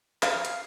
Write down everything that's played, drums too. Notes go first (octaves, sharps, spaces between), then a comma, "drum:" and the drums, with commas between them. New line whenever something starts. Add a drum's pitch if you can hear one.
F5, drum: clap
drum: hi-hat